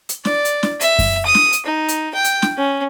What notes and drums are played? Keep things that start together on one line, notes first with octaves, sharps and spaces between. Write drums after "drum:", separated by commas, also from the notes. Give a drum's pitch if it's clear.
drum: hi-hat
D5, drum: snare
drum: hi-hat
drum: snare
E5, drum: hi-hat
drum: kick F#2, open hi-hat
D#6
drum: snare
drum: hi-hat
D#4
drum: hi-hat
G5
drum: hi-hat
drum: snare
C#4